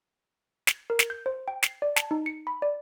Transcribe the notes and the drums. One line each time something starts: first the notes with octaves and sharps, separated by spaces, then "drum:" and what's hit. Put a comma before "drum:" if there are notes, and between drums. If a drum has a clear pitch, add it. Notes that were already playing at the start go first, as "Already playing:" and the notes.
drum: snare
A#4
drum: snare
G6
C5
G5
C7, drum: snare
D5
A5, drum: snare
D#4
C#7
B5
D5